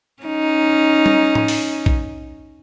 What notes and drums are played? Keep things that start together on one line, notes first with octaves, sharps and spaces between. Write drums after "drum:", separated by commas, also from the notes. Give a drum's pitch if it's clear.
C#4 D#4
drum: tom
drum: tom A2
drum: open hi-hat
drum: kick A#1